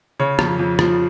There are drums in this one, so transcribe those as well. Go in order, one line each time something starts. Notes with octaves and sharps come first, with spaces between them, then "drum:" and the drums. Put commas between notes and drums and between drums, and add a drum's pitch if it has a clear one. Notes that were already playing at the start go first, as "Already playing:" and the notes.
C#3 C#5
F2, drum: rim click
F2
F3, drum: rim click